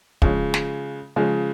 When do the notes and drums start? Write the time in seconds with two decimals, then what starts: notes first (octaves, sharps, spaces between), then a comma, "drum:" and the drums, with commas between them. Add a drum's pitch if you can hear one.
0.22 C#3 F3 G#3, drum: kick
0.54 drum: snare
1.16 C#3 F3 G#3